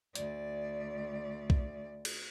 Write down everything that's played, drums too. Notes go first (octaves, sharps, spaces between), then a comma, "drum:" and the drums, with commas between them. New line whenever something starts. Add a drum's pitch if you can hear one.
D2 D5, drum: hi-hat
drum: kick B1
drum: cymbal